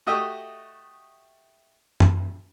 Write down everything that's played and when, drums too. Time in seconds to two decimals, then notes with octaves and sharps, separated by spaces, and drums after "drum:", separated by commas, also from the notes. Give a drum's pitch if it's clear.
0.06 A3 F#4 G4 D#5 E5
2.00 drum: tom F#2